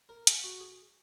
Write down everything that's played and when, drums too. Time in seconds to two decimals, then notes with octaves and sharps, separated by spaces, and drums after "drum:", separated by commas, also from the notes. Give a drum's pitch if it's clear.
0.09 A#4
0.27 G#4, drum: hi-hat
0.44 F#4
0.61 G#4